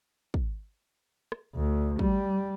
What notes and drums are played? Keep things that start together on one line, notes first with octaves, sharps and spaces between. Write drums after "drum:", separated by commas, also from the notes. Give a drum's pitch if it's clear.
drum: kick
drum: rim click
D2
G3, drum: kick